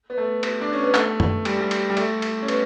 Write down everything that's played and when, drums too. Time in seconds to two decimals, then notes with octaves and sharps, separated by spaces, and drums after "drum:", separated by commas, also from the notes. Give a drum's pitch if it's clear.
0.10 B3
0.18 A3
0.43 B3, drum: cymbal
0.61 D4
0.73 C#4
0.83 B3
0.94 A3, drum: clap
1.20 drum: tom
1.45 G3, drum: cymbal
1.60 G3
1.71 drum: cymbal
1.90 G3
1.97 A3, drum: cymbal
2.22 drum: cymbal
2.42 C#4
2.48 B3, drum: cymbal